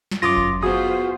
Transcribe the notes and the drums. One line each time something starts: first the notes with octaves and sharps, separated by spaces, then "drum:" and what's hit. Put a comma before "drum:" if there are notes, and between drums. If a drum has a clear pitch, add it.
drum: snare
F#2 F4 D6 D#6 A#6
drum: kick G1
B3 F4 F#4 G#4 C5 D#6